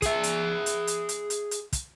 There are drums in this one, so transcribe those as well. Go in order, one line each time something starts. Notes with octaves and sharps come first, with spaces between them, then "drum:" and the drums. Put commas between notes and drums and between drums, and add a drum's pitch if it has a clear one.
G#4 E5, drum: kick, hi-hat
drum: hi-hat
drum: hi-hat
drum: hi-hat
drum: hi-hat
drum: hi-hat
drum: hi-hat
drum: kick, hi-hat